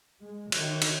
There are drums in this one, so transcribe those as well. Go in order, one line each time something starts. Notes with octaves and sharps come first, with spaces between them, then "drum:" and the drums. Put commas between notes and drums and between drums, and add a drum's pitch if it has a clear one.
G#3
D#3, drum: cymbal
drum: cymbal